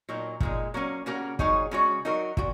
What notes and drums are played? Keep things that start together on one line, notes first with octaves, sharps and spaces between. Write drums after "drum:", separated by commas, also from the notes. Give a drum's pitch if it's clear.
A#2 F#3 D#4 A#4
A#2 G#3 D#4, drum: kick
F#3 A#3 C#4
C#3 A#3 C#4 F#4 A#4
A#2 F#3 D#4 G#4 C#5, drum: kick
C#3 G#3 F#4 C#5
F#3 D#4 F#4 A#4
A#2 F#4, drum: kick